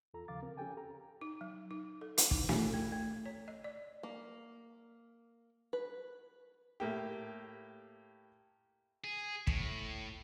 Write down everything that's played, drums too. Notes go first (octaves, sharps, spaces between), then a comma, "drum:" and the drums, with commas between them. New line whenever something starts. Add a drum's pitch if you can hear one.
E2 F4 A4 A#5
D#2 C#3 F3 F5 D6 A6
C4 A#4
C#4 G4 A4 G5 G#5
A4 A#5
D#4
F#3
D#4
A4
E4, drum: hi-hat
D#4, drum: kick
D4, drum: snare
A3
A3
C#5
D#5
D5
A#3
B4
A2 A#3 G4
G#4
A2, drum: kick